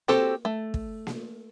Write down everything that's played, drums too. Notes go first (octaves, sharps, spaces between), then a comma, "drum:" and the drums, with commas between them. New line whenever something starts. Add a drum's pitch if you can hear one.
C4 F#4 G4 A4 C5, drum: snare A#3
A3
drum: kick
drum: snare A#3